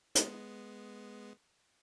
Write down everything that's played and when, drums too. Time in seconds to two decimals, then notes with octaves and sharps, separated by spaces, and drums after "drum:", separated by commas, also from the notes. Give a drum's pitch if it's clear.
0.15 G#3 B3, drum: hi-hat